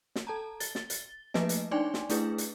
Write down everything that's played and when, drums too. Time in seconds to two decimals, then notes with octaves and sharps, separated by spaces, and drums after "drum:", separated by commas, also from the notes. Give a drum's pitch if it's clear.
0.16 drum: snare
0.27 A4 A5 A#5
0.60 A6 G7, drum: hi-hat
0.75 drum: snare
0.90 drum: hi-hat
1.34 F3 A3 A#3 B4 D#5, drum: snare
1.49 drum: hi-hat
1.71 D4 D#4 D5 G5 G#5 C6
1.94 drum: snare
2.09 A3 D4 E4 G#4 B4, drum: hi-hat
2.38 drum: hi-hat